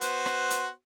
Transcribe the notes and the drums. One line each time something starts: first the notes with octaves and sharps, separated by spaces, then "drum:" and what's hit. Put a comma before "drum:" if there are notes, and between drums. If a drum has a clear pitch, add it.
B3 F#4 C5, drum: hi-hat
drum: rim click
drum: hi-hat